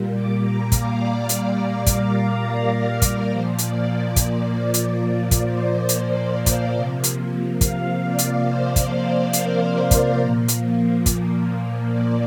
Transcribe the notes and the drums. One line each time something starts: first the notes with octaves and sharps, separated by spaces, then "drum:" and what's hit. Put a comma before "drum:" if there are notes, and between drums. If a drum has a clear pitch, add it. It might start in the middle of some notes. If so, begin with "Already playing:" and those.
Already playing: A#2 G3 A#3
D6
A#5
F5, drum: kick, hi-hat
D5
D5, drum: hi-hat
drum: kick, hi-hat
A#4
A#4
A#4, drum: kick, hi-hat
A#2 F3 A#3 C5
D5, drum: hi-hat
D5
drum: kick, hi-hat
drum: hi-hat
D5
drum: kick, hi-hat
C5
D5, drum: hi-hat
D5
F5, drum: kick, hi-hat
C3 F3 A#3
drum: hi-hat
F5, drum: kick, hi-hat
D5
drum: hi-hat
C5
D5, drum: kick, hi-hat
C5
A#4, drum: hi-hat
drum: kick, hi-hat
A#2 F3 A#3
drum: hi-hat
drum: kick, hi-hat
D5